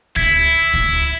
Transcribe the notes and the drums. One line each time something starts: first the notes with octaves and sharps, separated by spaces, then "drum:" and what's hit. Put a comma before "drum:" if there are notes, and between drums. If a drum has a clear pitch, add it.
E4 G#6 B6, drum: kick
drum: kick